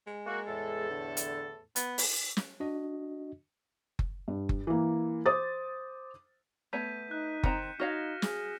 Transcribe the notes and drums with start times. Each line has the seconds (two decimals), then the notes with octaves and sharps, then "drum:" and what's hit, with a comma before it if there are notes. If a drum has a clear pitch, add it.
0.07 G#3
0.27 A#3 F#4
0.47 E2 A2 A4
0.90 D3
1.17 drum: hi-hat
1.76 B3, drum: hi-hat
1.98 drum: open hi-hat
2.37 drum: snare
2.60 D4 F#4 D#5
3.99 drum: kick F#1
4.28 G2
4.49 drum: kick F#1
4.67 E3 A#3
5.26 C5 D6 D#6 A6
6.73 A3 B3 C#5 G6 B6 D#7
7.11 D#4 F#6
7.43 D#3 C4 A#5 C#7 E7, drum: kick F#1
7.80 D#4 F#4 C#5 F5 F6 A#6
8.22 G#4, drum: snare